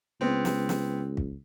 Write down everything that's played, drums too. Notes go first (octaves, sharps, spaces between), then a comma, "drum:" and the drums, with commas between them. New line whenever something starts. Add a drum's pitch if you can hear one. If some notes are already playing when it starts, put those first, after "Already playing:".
C#2 B3 C4
drum: snare
drum: snare
drum: kick